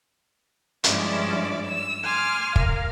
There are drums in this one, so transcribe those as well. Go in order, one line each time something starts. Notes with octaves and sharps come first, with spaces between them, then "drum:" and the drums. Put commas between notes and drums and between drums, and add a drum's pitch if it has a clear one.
G2 F3 G#3 C#4 E4 D5, drum: hi-hat
E6
G#5 C6 D6 F6
A#4 F5, drum: kick